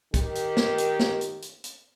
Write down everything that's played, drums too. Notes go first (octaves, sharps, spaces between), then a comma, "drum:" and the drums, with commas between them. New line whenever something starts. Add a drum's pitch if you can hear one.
D#3 G4, drum: kick, hi-hat
drum: hi-hat
drum: snare
drum: hi-hat
drum: snare
drum: hi-hat
drum: hi-hat
drum: hi-hat